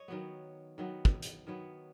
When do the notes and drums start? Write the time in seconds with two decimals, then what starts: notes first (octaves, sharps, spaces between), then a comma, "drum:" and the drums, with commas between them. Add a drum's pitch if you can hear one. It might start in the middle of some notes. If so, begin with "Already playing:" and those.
Already playing: C#5 D#5
0.08 D#3 F#3 B3
0.78 D#3 F#3 B3
1.05 drum: kick
1.22 drum: hi-hat
1.47 D#3 F#3 B3 C#5